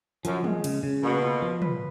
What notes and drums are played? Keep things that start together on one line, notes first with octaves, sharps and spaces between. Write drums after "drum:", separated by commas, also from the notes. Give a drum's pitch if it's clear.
F#2 F3, drum: hi-hat
G#3, drum: tom
C#3, drum: cymbal
C#3
B2 A#3
F4
F3
B4, drum: tom